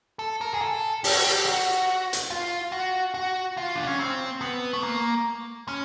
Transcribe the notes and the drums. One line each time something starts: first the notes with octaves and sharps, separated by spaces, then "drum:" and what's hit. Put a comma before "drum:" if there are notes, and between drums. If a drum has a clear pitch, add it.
A4
A#4
G#4
A4
G4, drum: open hi-hat
F#4
G4
F#4
drum: hi-hat
F4
F#4
F#4
F4
D4
C#4
C4
B3
A3
A#3
C#4